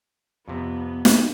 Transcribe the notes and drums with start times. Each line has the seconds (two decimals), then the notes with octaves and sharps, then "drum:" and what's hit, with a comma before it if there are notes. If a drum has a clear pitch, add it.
0.48 F2 C3 B3
1.05 drum: snare